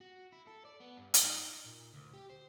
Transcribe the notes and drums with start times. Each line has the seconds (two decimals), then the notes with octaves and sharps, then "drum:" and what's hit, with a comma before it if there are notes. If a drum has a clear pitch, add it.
0.01 F#4
0.32 E4
0.47 A4
0.65 D5
0.80 B3
0.97 G2
1.14 drum: hi-hat
1.24 D#4
1.65 A#2
1.94 D2
2.14 G4
2.30 C5